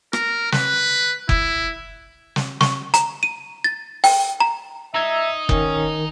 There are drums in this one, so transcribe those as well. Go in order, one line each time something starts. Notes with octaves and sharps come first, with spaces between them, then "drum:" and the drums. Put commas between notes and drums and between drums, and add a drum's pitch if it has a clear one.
A#4, drum: rim click
B4, drum: snare
E4, drum: kick F#1
drum: snare
C#6, drum: snare
A#5, drum: hi-hat
D#7
A6
G5, drum: open hi-hat
A#5
D#4 E5 A#5 E6 G#6
D#3 C#4, drum: kick F#1